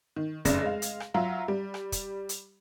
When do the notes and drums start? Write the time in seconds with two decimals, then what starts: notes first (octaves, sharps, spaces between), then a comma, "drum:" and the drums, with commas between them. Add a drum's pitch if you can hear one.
0.16 D#3
0.45 F1 F#2 C#3 D5 A#6 E7, drum: kick, hi-hat
0.62 G#3 F5
0.82 drum: hi-hat
1.00 drum: rim click
1.14 F#3 F4 E5 A#5
1.48 G3
1.74 drum: rim click
1.92 drum: kick, hi-hat
2.29 drum: hi-hat